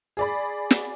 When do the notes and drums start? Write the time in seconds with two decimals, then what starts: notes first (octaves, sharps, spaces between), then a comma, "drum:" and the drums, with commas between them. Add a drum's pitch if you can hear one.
0.17 G#4 D5 B5
0.71 drum: snare